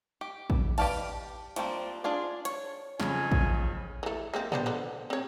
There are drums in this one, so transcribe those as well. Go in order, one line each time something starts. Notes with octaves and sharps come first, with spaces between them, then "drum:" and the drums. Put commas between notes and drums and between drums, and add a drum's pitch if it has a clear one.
G4
drum: kick
G4 B4 D5 F5 A5, drum: cymbal
F3 G3 A#3 C4 D4, drum: hi-hat
D4 F4 G#4 D5
C#5, drum: hi-hat
F2 C#3 G#5, drum: snare
drum: kick
E3 A3
G#3 A#3 C4
B3 D4 C5, drum: tom A2
D3 F3 B3
C4 C#5